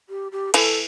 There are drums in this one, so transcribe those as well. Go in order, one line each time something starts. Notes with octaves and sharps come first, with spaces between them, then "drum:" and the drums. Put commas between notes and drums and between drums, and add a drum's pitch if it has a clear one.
G4
G4
E3 A4, drum: cymbal